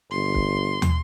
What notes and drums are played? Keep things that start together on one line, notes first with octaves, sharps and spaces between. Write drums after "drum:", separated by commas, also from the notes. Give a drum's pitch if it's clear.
G1 C6
drum: kick
drum: tom